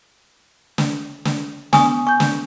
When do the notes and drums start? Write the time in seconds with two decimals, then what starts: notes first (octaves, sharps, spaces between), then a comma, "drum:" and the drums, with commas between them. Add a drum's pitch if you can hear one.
0.78 drum: snare
1.25 drum: snare
1.73 B3 G#5 C#6 D#6, drum: snare
2.07 G#5 C#6 G6
2.20 drum: snare